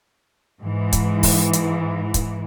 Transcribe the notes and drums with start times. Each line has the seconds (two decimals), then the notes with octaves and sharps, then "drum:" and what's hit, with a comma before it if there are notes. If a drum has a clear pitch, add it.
0.62 G#2 E3
0.93 drum: kick, hi-hat
1.23 drum: kick, open hi-hat
1.53 drum: hi-hat
2.14 drum: kick, hi-hat